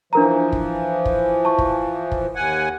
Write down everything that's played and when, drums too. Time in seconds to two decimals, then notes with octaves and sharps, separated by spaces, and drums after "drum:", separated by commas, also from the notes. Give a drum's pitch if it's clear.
0.13 E3 F3 D4 A#4 A#5
0.52 drum: kick
1.05 drum: kick
1.45 A5 C#6
1.58 drum: kick
2.11 drum: kick
2.35 D#2 F#5 G#5